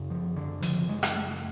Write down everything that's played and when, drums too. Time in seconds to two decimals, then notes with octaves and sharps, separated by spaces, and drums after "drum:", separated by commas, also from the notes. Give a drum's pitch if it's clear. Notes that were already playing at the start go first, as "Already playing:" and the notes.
Already playing: F#2 C#3
0.10 F3
0.36 D3
0.62 F#2 C#3 F3, drum: hi-hat
0.89 G#3
1.03 drum: rim click
1.15 A3